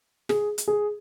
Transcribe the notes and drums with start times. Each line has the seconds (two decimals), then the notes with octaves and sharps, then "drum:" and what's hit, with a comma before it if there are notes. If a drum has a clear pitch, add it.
0.29 G#4, drum: snare
0.58 drum: hi-hat
0.68 G#4